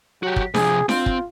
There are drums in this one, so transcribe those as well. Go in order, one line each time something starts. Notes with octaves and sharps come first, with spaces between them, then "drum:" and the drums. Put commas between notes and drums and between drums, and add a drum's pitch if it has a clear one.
F#3 F#4 G4
drum: kick
C3 F3 G#4, drum: snare D4
C4 F4, drum: snare D4
drum: kick